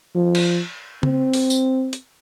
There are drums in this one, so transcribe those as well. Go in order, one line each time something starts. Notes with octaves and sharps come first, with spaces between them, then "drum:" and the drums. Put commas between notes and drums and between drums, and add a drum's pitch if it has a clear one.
F3
drum: cymbal
C4, drum: tom C#3
drum: open hi-hat
drum: tambourine
drum: hi-hat